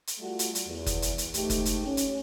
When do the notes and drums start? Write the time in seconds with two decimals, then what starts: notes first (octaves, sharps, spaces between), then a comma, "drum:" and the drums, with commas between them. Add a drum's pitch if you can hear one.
0.07 drum: hi-hat
0.19 G3 A3 F4 F#4
0.39 drum: hi-hat
0.55 drum: hi-hat
0.67 E2
0.86 drum: kick F#1, hi-hat
1.02 drum: hi-hat
1.18 drum: hi-hat
1.34 G#2 A3 G4, drum: hi-hat
1.50 drum: kick F#1, hi-hat
1.65 drum: hi-hat
1.85 C#4
1.97 drum: hi-hat